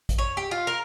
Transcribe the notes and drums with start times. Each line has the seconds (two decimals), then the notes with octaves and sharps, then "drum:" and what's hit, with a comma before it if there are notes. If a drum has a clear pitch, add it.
0.09 drum: kick, hi-hat
0.18 C#5
0.37 G4
0.51 F4
0.67 A#4